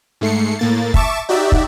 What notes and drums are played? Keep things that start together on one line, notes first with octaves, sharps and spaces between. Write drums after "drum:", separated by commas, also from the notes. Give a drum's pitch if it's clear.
G#2 A3 C7 C#7
A2 A#3 A6
E5 A5 C#6 D6 E7, drum: kick
D#4 F#4 G4 D5 E5
drum: kick